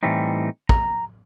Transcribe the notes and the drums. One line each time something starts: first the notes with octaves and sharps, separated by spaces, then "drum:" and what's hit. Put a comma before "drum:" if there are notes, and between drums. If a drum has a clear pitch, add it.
A2 E3 G3 A3 C4 D#4
A#5, drum: kick